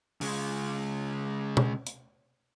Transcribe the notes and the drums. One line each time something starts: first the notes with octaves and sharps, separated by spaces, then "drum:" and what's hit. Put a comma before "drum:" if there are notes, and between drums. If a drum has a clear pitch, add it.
C#3 G#3, drum: open hi-hat
drum: tom B2
drum: hi-hat